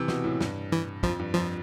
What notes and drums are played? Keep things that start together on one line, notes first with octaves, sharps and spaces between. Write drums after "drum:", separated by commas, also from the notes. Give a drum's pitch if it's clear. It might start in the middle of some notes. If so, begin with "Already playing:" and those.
Already playing: C3 E3
B2, drum: snare
A2
G2, drum: snare
E3
F2 F3, drum: kick
G2
F2 F3